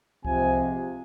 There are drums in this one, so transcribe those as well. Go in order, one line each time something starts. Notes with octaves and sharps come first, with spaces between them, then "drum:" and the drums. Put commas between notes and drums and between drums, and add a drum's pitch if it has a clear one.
C3 F3 G#3 G#5, drum: kick C2